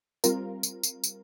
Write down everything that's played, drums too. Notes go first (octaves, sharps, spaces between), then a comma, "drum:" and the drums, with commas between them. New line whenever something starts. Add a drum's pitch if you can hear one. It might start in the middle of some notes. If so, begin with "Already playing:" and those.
G3 C4 F4 A#4, drum: tambourine
drum: tambourine
drum: tambourine
drum: tambourine